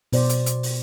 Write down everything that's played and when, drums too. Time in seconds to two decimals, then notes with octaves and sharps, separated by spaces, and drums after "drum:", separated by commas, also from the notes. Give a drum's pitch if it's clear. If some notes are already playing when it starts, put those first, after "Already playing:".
0.13 B2 C5 D5, drum: open hi-hat
0.29 drum: hi-hat
0.46 drum: hi-hat
0.63 drum: open hi-hat